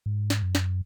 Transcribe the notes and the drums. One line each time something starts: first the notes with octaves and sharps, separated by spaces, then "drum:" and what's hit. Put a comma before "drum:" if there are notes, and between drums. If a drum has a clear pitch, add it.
G#2
drum: snare
F#2
drum: snare